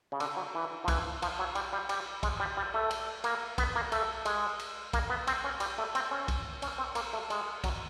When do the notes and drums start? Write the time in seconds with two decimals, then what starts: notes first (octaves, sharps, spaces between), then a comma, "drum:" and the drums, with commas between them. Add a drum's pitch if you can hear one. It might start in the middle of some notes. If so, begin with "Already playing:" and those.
0.12 C#3
0.20 D3, drum: cymbal
0.37 F#3
0.55 E3
0.84 F3
0.88 E3, drum: kick, cymbal
1.22 F3, drum: cymbal
1.39 F#3
1.55 G3, drum: cymbal
1.73 G3
1.89 G3, drum: cymbal
2.23 G#3, drum: kick, cymbal
2.40 G3
2.57 G3
2.74 A3
2.91 drum: cymbal
3.24 A#3, drum: cymbal
3.58 B3, drum: kick, cymbal
3.76 A#3
3.92 A3, drum: cymbal
4.25 G#3, drum: cymbal
4.59 drum: cymbal
4.93 A#3, drum: kick, cymbal
5.10 B3
5.27 C4, drum: cymbal
5.44 C#4
5.60 G3, drum: cymbal
5.78 A3
5.95 C4, drum: cymbal
6.11 C#4
6.28 drum: kick, cymbal
6.62 C#4, drum: cymbal
6.78 C4
6.95 A#3, drum: cymbal
7.13 A3
7.30 G#3, drum: cymbal
7.64 F#3, drum: kick, cymbal